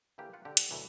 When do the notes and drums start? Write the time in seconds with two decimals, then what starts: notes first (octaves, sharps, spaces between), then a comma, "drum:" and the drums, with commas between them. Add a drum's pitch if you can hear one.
0.18 D3 E3 A#3 G4
0.33 F4 F#5
0.45 D3 G4
0.57 drum: hi-hat
0.71 D2 B2 E3 F#3